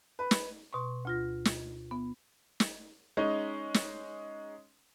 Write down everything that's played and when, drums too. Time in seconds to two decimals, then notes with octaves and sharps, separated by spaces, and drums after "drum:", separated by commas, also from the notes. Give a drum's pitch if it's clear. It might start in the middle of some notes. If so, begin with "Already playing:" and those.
0.19 B4
0.31 drum: snare
0.73 B2 C6 C#6
1.05 D2 F4 A#6
1.45 drum: snare
1.91 B3
2.60 drum: snare
3.17 G#3 C#4 D#4
3.74 drum: snare